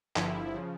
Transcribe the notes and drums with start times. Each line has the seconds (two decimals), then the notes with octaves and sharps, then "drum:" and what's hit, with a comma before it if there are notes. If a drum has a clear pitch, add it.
0.16 G1 G2 D3 F3 E4, drum: clap
0.56 C#3 F3